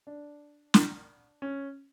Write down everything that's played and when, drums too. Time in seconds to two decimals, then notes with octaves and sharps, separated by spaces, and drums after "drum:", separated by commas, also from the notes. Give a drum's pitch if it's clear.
0.07 D4
0.74 drum: snare
1.42 C#4